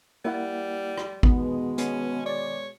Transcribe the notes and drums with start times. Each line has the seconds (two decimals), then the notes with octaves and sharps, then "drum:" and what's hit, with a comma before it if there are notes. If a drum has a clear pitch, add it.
0.25 G3 A#3 E4 F#5
0.98 drum: rim click
1.23 B2 D#3 G#3 B3, drum: kick G#1
1.78 B3 C#4, drum: hi-hat
2.26 C#5 D5